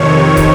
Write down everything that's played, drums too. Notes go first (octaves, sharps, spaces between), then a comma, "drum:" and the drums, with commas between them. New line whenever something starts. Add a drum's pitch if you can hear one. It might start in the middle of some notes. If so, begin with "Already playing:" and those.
Already playing: F2 C3 D#3 C#5
drum: kick, hi-hat